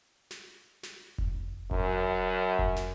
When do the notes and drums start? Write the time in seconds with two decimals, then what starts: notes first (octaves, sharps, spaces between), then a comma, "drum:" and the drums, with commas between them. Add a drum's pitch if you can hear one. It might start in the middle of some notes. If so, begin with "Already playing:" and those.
0.31 drum: snare
0.83 drum: snare
1.18 drum: kick F1
1.71 F#2, drum: kick F1
2.59 drum: kick F1
2.76 drum: snare